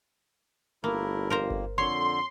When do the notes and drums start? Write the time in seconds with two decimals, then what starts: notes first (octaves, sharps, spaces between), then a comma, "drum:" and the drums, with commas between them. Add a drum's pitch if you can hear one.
0.84 G1 A3 A#3 E4 A#4
1.30 F2 A#3 A#4 C5 A#5
1.50 drum: kick G1
1.78 F2 D3 C#5 C6